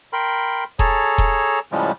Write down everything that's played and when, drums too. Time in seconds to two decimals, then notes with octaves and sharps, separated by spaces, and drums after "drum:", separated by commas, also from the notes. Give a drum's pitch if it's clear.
0.13 A#4 G5 B5 C6
0.79 G#4 A4 C#5 A5 A#5, drum: kick E1
1.18 drum: kick E1
1.72 A2 C#3 F3 G3 G#3